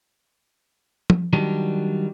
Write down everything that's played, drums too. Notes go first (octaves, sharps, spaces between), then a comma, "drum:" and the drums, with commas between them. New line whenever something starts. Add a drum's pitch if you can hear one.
drum: tom
D#3 F#3 G3 D4